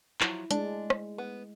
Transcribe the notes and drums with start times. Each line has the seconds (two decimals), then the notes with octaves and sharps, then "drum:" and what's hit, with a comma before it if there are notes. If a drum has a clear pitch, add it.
0.21 F3 F#3 E4, drum: clap
0.51 G#3 A3 D4, drum: hi-hat
0.90 drum: rim click
1.18 B3